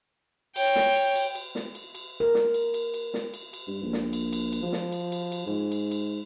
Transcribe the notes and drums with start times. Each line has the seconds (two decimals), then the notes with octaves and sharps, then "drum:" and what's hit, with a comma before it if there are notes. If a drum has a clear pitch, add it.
0.56 C#5 G5, drum: cymbal
0.76 drum: snare
0.96 drum: cymbal
1.15 drum: cymbal
1.35 drum: cymbal
1.55 drum: snare
1.75 drum: cymbal
1.95 drum: cymbal
2.20 A#4
2.34 drum: snare
2.54 drum: cymbal
2.74 drum: cymbal
2.94 drum: cymbal
3.14 drum: snare
3.34 drum: cymbal
3.53 drum: cymbal
3.68 G2
3.83 A#1
3.93 drum: snare
4.13 drum: cymbal
4.33 drum: cymbal
4.53 drum: cymbal
4.62 F3
4.72 drum: snare
4.92 drum: cymbal
5.12 drum: cymbal
5.32 drum: cymbal
5.46 G#2
5.72 drum: cymbal
5.91 drum: cymbal